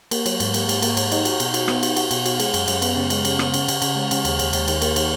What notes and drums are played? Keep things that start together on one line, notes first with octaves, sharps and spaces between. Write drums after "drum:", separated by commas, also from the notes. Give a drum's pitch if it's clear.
A#3, drum: cymbal
F#3, drum: cymbal
G#2, drum: cymbal
A#3, drum: cymbal
G#2, drum: cymbal
A#3, drum: cymbal
G#2, drum: cymbal
D#4, drum: cymbal
F#4, drum: cymbal
B2, drum: cymbal
F#4, drum: cymbal
B3, drum: rim click
F#4, drum: cymbal
F#4, drum: cymbal
B2, drum: cymbal
F#4, drum: cymbal
G#3, drum: cymbal
F#2, drum: cymbal
F#2, drum: cymbal
B3, drum: cymbal
C#3
G#3, drum: cymbal
C#3, drum: cymbal
B3, drum: rim click
C#3, drum: cymbal
C#3, drum: cymbal
C#3, drum: cymbal
G#3
C#3, drum: cymbal
D#2, drum: cymbal
D#2, drum: cymbal
D#2, drum: cymbal
D#3, drum: cymbal
A#3, drum: cymbal
D#3, drum: cymbal